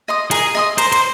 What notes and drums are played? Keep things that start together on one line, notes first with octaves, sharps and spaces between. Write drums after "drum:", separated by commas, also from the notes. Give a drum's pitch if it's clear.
D#5 C6 D#6
G#4 A#4, drum: hi-hat
D#5 C6 D#6
A#4 C5, drum: hi-hat
C5, drum: hi-hat